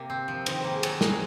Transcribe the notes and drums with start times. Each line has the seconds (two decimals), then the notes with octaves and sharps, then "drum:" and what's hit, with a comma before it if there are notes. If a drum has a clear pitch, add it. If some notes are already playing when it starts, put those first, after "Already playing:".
Already playing: C3 A#3 A#4
0.10 C4
0.28 F3
0.46 D#3 C5, drum: cymbal
0.60 A#3 C5
0.73 G#4
0.83 F#3, drum: cymbal
1.01 G#3 A#4, drum: snare